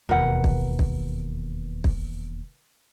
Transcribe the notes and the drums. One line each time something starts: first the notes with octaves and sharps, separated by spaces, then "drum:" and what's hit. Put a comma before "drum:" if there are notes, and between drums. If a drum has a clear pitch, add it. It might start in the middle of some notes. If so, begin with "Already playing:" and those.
E1 D#2 A#4 B4 F#5
drum: kick
drum: kick
drum: kick